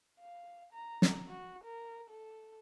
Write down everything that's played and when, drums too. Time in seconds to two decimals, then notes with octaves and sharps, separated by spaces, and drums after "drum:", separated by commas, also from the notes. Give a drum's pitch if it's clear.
0.20 F5
0.73 A#5
1.02 drum: snare
1.28 F#4
1.64 A#4
2.10 A4